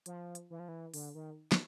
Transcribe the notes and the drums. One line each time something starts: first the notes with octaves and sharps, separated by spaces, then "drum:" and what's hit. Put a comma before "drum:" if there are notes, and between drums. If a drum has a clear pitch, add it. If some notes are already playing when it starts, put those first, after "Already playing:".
F3, drum: hi-hat
drum: hi-hat
E3
F3
E3
D3, drum: open hi-hat
D#3
drum: snare